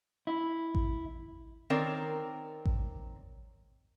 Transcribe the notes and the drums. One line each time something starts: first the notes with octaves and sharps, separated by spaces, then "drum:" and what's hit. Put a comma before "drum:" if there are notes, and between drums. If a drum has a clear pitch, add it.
E4
drum: kick A1
D#3 C4 A#4 C#5 D5
drum: kick A1